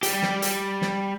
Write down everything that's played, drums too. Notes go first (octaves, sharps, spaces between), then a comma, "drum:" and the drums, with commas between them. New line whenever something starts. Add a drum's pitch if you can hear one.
G3 G4, drum: hi-hat
drum: snare
drum: hi-hat
drum: snare